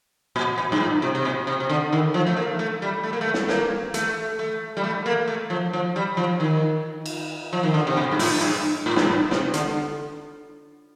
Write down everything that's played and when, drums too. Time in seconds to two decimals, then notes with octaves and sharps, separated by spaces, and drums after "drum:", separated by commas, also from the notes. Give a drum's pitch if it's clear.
0.36 A#2
0.58 A#2
0.72 G2
0.80 A2
1.02 C3
1.15 C3
1.25 A#2
1.47 C3
1.60 C3
1.70 D3
1.93 D#3
2.14 F3
2.27 A3
2.36 A#3
2.59 A3
2.82 G3
3.04 A3
3.13 A#3
3.21 A3
3.34 drum: snare
3.48 A#3, drum: snare
3.94 A3, drum: hi-hat
4.39 A3
4.77 G3
4.84 A3
5.06 A#3
5.28 A3
5.50 F3
5.73 F3
5.96 G3
6.17 F3
6.40 D#3
7.06 drum: cymbal
7.53 F3
7.63 D#3
7.74 D3
7.87 C3
7.97 A#2
8.12 G2
8.19 A2, drum: open hi-hat
8.41 G2
8.86 A2
8.96 G2, drum: snare
9.07 A2
9.31 C3, drum: snare
9.54 D3, drum: hi-hat